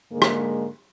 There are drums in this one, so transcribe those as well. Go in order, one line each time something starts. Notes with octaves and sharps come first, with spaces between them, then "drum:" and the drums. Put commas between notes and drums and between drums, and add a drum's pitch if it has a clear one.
G#2 D3 G#3 A#3
drum: rim click